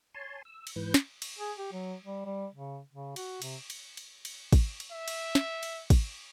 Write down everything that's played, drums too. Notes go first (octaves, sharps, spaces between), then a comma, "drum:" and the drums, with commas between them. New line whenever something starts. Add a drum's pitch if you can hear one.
C#5 G#5 A5 C6
E6
drum: cymbal
G#2 E3 B4 G6
drum: snare
drum: cymbal
G#4
G4
F#3
G3
G3
C#3
C#3
F#4, drum: cymbal
C3, drum: cymbal
drum: cymbal
drum: cymbal
drum: cymbal
drum: kick, cymbal
drum: cymbal
E5
drum: cymbal
drum: snare
drum: cymbal
drum: kick, cymbal